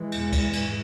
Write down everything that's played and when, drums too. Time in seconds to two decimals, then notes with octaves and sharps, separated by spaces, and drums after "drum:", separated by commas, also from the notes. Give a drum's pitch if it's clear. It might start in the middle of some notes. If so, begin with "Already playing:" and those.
Already playing: E3 G#3
0.12 E2 B2, drum: cymbal
0.32 drum: kick C#2, cymbal
0.53 G#2, drum: cymbal